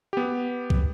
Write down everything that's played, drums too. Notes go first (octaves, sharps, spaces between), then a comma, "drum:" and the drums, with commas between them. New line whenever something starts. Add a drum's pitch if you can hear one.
B3 G4
drum: kick